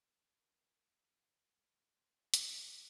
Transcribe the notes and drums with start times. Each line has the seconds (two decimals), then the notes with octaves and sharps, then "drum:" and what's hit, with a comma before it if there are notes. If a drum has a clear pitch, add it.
0.38 F4 A#4 B4 G#5
0.86 F3
1.55 G3 A3 A4
1.95 F4
2.34 G4 C#5, drum: hi-hat